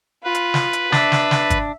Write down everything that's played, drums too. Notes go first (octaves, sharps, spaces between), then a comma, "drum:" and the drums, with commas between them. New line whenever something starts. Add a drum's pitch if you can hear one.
F4 B4
drum: hi-hat
drum: snare
drum: hi-hat
D4 E5, drum: snare
drum: snare
drum: snare
drum: kick, hi-hat